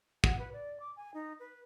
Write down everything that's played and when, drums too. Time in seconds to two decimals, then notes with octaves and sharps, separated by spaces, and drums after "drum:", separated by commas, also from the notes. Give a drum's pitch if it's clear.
0.24 F#5, drum: kick
0.39 B4
0.53 D5
0.80 D6
0.97 G#5
1.14 D#4
1.40 B4